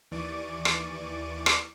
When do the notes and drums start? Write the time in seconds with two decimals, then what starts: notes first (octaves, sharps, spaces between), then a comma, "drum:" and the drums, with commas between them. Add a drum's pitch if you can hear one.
0.11 D#2 E3 D5 C#6 D6 D#7
0.65 drum: rim click
1.46 drum: rim click